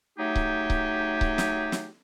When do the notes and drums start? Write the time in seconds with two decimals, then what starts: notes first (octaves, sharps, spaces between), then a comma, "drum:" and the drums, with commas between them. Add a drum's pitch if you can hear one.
0.18 F#3 A3 D#4 G4 G#4
0.36 drum: kick C#1
0.70 drum: kick C#1
1.21 drum: kick C#1
1.38 drum: snare
1.72 drum: snare